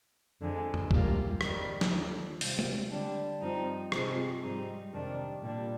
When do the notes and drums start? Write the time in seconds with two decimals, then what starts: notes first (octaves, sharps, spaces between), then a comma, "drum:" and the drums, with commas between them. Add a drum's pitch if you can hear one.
0.40 F2 D3 G#3
0.74 drum: tom F2
0.91 G#2 G3 A#3 F4, drum: kick
1.41 F2 D#3 G3, drum: rim click
1.81 drum: snare
1.91 D#2 D3 F3
2.41 C3 G3 C4 F4, drum: open hi-hat
2.59 drum: tom
2.91 D3 G3 D4
3.42 G2 F3 C4 D#4
3.92 C3 F3 G#3 C4, drum: rim click
4.43 G#2 G3 C4 D#4
4.93 F2 C3 D#3 G3 D4
5.43 A#2 G3 D4